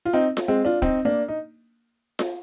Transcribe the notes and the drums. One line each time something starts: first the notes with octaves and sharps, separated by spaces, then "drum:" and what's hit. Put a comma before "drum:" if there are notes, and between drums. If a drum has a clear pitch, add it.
F4
C4 D#4
drum: snare F4
G#3 C4
D4 F4
C4 D#4, drum: kick
A#3 D4
D#4
drum: snare F4